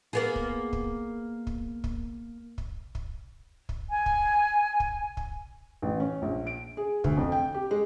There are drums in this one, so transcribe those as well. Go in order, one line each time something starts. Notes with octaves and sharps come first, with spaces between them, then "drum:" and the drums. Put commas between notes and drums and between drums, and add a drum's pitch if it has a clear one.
A#3 B3 G#4
drum: kick
drum: kick
drum: kick
drum: kick
drum: kick
drum: kick
drum: kick
G#5
drum: kick
drum: kick
drum: kick
A1
C#4
A#1
D7
G#4
D2, drum: kick
F2
G5
G4
G#3